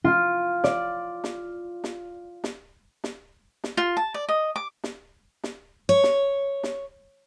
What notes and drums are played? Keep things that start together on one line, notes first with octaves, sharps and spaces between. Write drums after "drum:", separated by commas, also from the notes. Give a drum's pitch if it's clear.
F4
D5, drum: snare
drum: snare
drum: snare
drum: snare
drum: snare
drum: snare
F4
A5
D5
D#5
D6
drum: snare
drum: snare
C#5
drum: snare
drum: snare